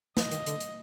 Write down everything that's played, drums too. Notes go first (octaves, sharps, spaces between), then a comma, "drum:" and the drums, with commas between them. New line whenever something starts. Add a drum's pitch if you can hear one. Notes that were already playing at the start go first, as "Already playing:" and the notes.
F3 D#5, drum: snare
D#3, drum: hi-hat
D3, drum: hi-hat
drum: hi-hat